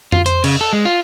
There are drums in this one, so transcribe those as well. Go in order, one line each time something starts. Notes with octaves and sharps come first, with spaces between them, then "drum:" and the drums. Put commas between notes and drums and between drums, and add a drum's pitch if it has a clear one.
F4, drum: tom F2
C5, drum: hi-hat
C#3, drum: cymbal
A4
G#3
F4